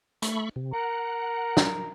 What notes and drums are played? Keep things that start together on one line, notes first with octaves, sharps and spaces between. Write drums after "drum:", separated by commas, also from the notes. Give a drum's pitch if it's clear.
A3 B5 C#6, drum: hi-hat
C3
A#4 F#5
drum: snare